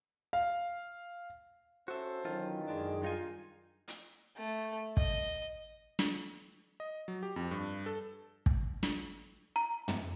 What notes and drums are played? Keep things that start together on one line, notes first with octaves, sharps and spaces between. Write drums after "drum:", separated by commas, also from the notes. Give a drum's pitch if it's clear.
F5
C#4 F#4 A4 C5 E5
D#3 E3 F#3 C#4 F4
F#2 D3 G#3 D4 G#4
G2 D#4 F4 G#5
drum: hi-hat
A3
D#5, drum: kick
drum: snare
D#5
F#3
G4
F2
G2
A4
drum: kick
drum: snare
A#5
drum: tom